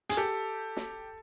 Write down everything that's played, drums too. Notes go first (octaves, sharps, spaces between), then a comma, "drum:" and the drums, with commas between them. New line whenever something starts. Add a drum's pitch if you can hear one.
G#4, drum: hi-hat
G4 A4
drum: snare